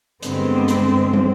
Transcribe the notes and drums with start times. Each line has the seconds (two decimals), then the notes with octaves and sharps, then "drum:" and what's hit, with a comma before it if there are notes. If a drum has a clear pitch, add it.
0.23 G2 D3 G#3 B3 C4, drum: hi-hat
0.68 drum: hi-hat
1.13 drum: tom